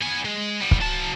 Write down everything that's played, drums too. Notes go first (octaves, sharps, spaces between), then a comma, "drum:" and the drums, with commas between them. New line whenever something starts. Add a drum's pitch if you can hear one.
B3 G#5
G#3
G3 B3
drum: kick
F#3 A5